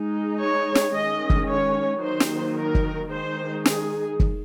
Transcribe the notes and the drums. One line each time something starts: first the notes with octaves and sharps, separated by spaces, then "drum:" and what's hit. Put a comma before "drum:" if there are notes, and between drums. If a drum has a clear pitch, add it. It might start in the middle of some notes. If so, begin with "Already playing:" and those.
Already playing: G#3 D#4
C#5
drum: snare
D#3 G#3 C#4 D#5
drum: kick
C#5
D#3 F#3 A#3 D#4 C5
drum: snare
A#4
drum: kick
D#3 G#3 D#4 C5
G#4, drum: snare
drum: kick